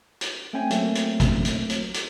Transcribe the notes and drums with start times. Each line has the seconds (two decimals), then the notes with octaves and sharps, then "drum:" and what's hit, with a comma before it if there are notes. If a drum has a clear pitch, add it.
0.21 drum: hi-hat
0.53 A3 C4 C#4 G5 G#5
0.70 F#3 A3 A#3 C4, drum: hi-hat
0.95 drum: hi-hat
1.20 drum: kick, hi-hat
1.45 drum: hi-hat
1.69 drum: hi-hat
1.94 drum: hi-hat